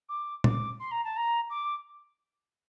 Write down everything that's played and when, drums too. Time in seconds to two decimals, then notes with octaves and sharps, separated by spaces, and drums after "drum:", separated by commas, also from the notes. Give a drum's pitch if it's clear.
0.09 D6
0.44 D6, drum: tom A#2
0.79 C6
0.91 A#5
1.04 A5
1.16 A#5
1.50 D6